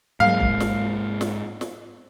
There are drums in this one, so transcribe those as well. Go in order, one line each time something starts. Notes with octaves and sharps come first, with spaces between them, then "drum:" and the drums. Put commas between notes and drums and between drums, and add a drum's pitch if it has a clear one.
G#2 G#3 A#3 F5, drum: tom F#3
drum: kick
drum: snare
drum: snare
drum: snare